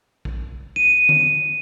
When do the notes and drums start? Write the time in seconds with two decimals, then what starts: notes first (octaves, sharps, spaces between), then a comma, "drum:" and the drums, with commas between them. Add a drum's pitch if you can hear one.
0.25 drum: kick
0.76 D#7
1.09 drum: tom D3